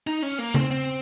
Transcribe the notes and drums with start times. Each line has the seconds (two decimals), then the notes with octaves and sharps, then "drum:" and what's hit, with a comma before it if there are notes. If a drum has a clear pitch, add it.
0.07 D#4
0.22 C#4
0.39 A#3
0.54 C4, drum: tom C#3
0.71 C4